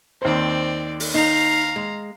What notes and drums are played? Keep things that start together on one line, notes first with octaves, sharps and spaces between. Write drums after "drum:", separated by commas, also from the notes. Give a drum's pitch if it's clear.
D#2 C4 C5 D5
drum: open hi-hat
D#4 F5 A#5
G#3